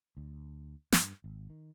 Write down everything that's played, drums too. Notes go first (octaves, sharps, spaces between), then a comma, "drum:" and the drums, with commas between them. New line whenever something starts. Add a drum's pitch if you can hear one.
D2
G2, drum: snare
G#1
D#3